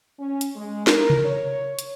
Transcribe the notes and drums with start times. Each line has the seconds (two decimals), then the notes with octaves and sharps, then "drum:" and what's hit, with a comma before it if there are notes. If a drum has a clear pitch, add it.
0.19 C#4
0.41 drum: hi-hat
0.55 G#3
0.87 A#4, drum: snare
1.10 drum: tom C3
1.24 C#5
1.79 drum: hi-hat